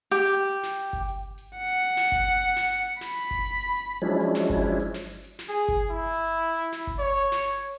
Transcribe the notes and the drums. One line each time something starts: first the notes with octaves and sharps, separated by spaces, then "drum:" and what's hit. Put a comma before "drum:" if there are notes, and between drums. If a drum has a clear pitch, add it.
G4
drum: hi-hat
drum: hi-hat
drum: snare
drum: kick G1, hi-hat
drum: hi-hat
drum: hi-hat
F#5
drum: hi-hat
drum: hi-hat
drum: snare
drum: kick G1, open hi-hat
drum: hi-hat
drum: snare
drum: hi-hat
B5, drum: snare
drum: hi-hat
drum: kick G1, hi-hat
drum: hi-hat
drum: hi-hat
drum: hi-hat
drum: open hi-hat
F3 F#3 G#3 C#4 D4 E4
drum: hi-hat
drum: snare
drum: kick G1, open hi-hat
drum: hi-hat
drum: snare
drum: hi-hat
drum: hi-hat
drum: snare
G#4
drum: kick G1, hi-hat
E4
drum: hi-hat
drum: open hi-hat
drum: hi-hat
drum: hi-hat
drum: snare
drum: kick G1, open hi-hat
C#5, drum: open hi-hat
drum: hi-hat
drum: snare
drum: hi-hat
drum: hi-hat